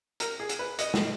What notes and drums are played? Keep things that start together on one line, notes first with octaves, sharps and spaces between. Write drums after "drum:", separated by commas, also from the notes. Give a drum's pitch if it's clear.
A#4, drum: hi-hat
G#4
drum: hi-hat
B4
D#5, drum: hi-hat
drum: snare